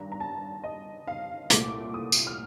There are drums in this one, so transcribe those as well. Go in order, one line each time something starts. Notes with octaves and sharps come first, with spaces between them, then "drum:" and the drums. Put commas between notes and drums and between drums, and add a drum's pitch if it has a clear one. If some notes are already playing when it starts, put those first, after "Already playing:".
Already playing: G2 D#3 D4 A#5
A#5
A5
D#5
F5
C2 A#2 A3 D6, drum: hi-hat
D#6
drum: tambourine
F6